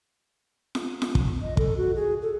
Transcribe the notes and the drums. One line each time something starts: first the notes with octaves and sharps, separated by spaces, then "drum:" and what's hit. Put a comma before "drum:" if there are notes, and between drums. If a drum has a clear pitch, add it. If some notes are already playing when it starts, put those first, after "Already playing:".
drum: snare F4
drum: snare F4
drum: kick
D#5
A4, drum: kick
F#4
G#4
A4